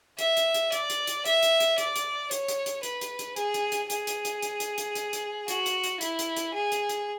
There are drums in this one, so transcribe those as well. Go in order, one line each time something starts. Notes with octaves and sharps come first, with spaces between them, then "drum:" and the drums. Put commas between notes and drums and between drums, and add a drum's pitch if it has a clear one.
E5, drum: hi-hat
drum: hi-hat
drum: hi-hat
D5, drum: hi-hat
drum: hi-hat
drum: hi-hat
E5, drum: hi-hat
drum: hi-hat
drum: hi-hat
D5, drum: hi-hat
drum: hi-hat
C#5, drum: hi-hat
drum: hi-hat
drum: hi-hat
B4, drum: hi-hat
drum: hi-hat
drum: hi-hat
G#4, drum: hi-hat
drum: hi-hat
drum: hi-hat
G#4, drum: hi-hat
drum: hi-hat
drum: hi-hat
drum: hi-hat
drum: hi-hat
drum: hi-hat
drum: hi-hat
drum: hi-hat
F#4, drum: hi-hat
drum: hi-hat
drum: hi-hat
E4, drum: hi-hat
drum: hi-hat
drum: hi-hat
G#4
drum: hi-hat
drum: hi-hat